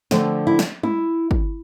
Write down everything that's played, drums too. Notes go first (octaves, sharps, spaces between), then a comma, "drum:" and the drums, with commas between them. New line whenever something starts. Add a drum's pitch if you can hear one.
D3 F3 A3 C4, drum: snare
E4
drum: snare
E4, drum: tom G3
drum: kick